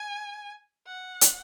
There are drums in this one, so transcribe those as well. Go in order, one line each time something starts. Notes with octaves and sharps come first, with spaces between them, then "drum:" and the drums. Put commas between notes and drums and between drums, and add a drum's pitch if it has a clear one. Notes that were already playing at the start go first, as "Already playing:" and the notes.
Already playing: G#5
F#5
drum: hi-hat